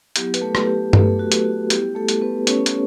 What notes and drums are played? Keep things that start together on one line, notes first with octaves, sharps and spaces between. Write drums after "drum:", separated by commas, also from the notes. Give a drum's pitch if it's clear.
F#3 B3 E4 G4, drum: hi-hat
B4, drum: hi-hat
A3 A4
drum: rim click
G4
A3 A4, drum: tom G2
F#4
drum: hi-hat
F#4
G3 B3 E4 G4, drum: hi-hat
A3 A4
drum: hi-hat
B3 B4
C#4 C#5, drum: hi-hat
drum: hi-hat